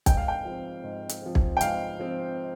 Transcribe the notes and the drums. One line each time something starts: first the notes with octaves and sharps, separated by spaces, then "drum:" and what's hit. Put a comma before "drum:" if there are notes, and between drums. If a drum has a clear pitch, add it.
G#2 G5, drum: kick, hi-hat
F5
G5
F3 C4
G#2
drum: hi-hat
F3 C4
drum: kick
G5
G#2 F5, drum: hi-hat
F3 C4